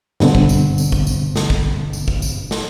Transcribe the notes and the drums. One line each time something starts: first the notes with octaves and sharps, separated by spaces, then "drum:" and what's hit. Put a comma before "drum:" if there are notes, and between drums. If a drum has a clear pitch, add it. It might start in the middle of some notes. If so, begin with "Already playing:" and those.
G2 B2 D3 C4, drum: snare
drum: kick
drum: tambourine
drum: tambourine
drum: kick
drum: tambourine
drum: snare
drum: kick
drum: tambourine
drum: kick
drum: tambourine
drum: snare